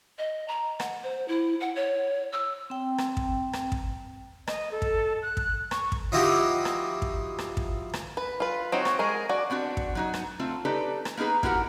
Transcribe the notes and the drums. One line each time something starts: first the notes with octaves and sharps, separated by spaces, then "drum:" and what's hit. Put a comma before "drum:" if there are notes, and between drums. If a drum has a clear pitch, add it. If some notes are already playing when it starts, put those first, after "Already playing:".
D#5
A#5
F#5, drum: rim click
C5
E4
F#5
C#5
E6
C4 G5
drum: rim click
drum: kick
drum: rim click
drum: kick
D#5, drum: rim click
A4
drum: kick
F#6
drum: kick
C#6, drum: rim click
drum: kick
F3 D#4 E4 F#4 G4
drum: rim click
drum: kick
drum: rim click
drum: kick
drum: rim click
B4
F4 B4
C4 D#4 F#4 C#5
drum: rim click
G#3 G#4 A#4
F#4 D5
B3 C4 D4 F#4
drum: kick
F#3 D#4 F#4
drum: rim click
A3 C4 F4
D#4 G4 A4 B4 D5
drum: rim click
A#3 B3 D#4 G#4 B4
A#3 E4 F#4 G4 A#4 F#5, drum: kick